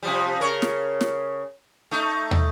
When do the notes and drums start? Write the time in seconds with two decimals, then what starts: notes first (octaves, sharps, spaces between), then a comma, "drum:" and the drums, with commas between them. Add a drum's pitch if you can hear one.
0.03 C3 F3 G3
0.40 C#3 A#4 C#5
0.62 drum: snare
1.01 drum: snare
1.91 A3 D#4
2.31 drum: tom